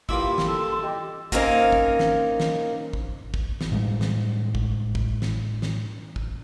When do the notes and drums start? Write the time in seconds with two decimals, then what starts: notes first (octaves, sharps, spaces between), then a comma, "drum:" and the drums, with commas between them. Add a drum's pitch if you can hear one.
0.09 G2 A#2 E4 F4 C6 D6 E6, drum: kick
0.38 drum: snare
0.48 A4
0.83 G4 D#5
1.32 A#3 C4 C#4 D#4 A#4 F5, drum: kick
1.72 drum: kick
1.99 drum: snare
2.40 drum: snare
2.93 drum: kick
3.34 drum: kick
3.61 drum: snare
3.72 A2 G3 G#3
4.01 drum: snare
4.55 drum: kick
4.95 drum: kick
5.22 drum: snare
5.62 drum: snare
6.16 drum: kick